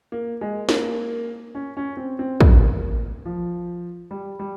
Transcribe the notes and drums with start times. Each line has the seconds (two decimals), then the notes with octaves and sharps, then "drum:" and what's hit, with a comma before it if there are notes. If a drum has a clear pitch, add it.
0.12 A#3
0.41 G#3
0.69 A#3, drum: snare
1.55 C#4
1.77 C#4
1.97 C4
2.19 C4
2.41 A#3, drum: kick
3.25 F3
4.11 G3
4.39 G3